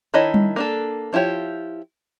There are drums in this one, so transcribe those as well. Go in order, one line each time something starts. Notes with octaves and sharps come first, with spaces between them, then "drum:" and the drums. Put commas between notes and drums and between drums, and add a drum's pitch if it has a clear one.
D#3 D4 E4 C#5 D#5
drum: tom G3
A#3 D4 A4
F3 E4 F4 G4 C#5